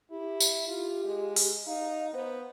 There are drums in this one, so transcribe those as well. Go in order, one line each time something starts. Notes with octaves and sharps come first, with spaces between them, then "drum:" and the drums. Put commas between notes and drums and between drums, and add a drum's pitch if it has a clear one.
E4 G4
drum: tambourine
F4 G4
G#3
drum: open hi-hat
D#4 F5
B3 C5